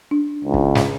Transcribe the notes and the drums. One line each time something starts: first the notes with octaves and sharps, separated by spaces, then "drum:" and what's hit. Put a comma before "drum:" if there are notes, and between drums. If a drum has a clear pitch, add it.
D4
C#2
drum: kick
drum: snare